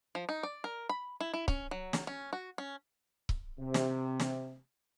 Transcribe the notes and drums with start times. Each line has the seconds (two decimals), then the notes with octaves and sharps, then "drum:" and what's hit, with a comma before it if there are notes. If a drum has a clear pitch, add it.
0.15 F3
0.29 D#4
0.43 D5
0.64 A#4
0.89 B5
1.21 E4
1.34 E4
1.48 C#4, drum: kick C#1
1.71 F#3
1.93 drum: snare
2.07 C#4
2.33 F#4
2.58 C#4
3.29 drum: kick C#1
3.60 C3
3.74 drum: snare
4.19 drum: snare